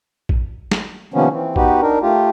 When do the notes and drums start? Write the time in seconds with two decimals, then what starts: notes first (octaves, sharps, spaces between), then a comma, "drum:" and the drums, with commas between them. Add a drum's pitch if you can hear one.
0.29 drum: kick A1
0.71 drum: snare
1.14 C3 D#3 F3 A#3 B3 C#4
1.32 E3 C4
1.56 B3 D#4 F#4 G4 B4, drum: kick A1
1.81 D4 D#4 A#4
2.02 A3 F4 G4